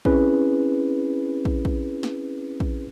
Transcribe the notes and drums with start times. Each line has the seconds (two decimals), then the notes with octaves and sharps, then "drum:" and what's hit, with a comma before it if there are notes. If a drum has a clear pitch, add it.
0.05 C4 C#4 E4 G#4 B4, drum: kick
1.45 drum: kick
1.65 drum: kick
2.03 drum: snare
2.60 drum: kick